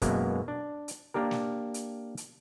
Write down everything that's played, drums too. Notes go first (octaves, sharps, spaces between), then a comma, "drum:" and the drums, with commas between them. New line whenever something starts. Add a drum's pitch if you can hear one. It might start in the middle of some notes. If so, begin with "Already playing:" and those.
F#2 B2 G#3 A#3 B3, drum: kick, hi-hat
D4
drum: hi-hat
A#3 D4 G4 A#4
drum: snare
drum: hi-hat
drum: hi-hat